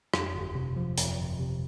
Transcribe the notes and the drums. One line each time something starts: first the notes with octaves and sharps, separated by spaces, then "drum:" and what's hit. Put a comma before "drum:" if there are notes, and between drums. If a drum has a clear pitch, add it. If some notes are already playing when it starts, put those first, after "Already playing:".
F2, drum: rim click
G1
C3
F3
F2, drum: hi-hat
G1
C3